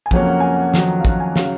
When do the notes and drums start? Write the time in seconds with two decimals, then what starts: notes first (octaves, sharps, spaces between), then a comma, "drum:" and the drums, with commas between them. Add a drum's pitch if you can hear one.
0.06 G#5
0.11 F2 C#3 F#3 A#3 C#4 F#5, drum: kick
0.27 F#5
0.40 G#5
0.54 F#5
0.74 F2 D#3 F#3, drum: snare
1.00 F5
1.05 F#5, drum: kick
1.20 G#5
1.36 C#3 F#3 F5, drum: snare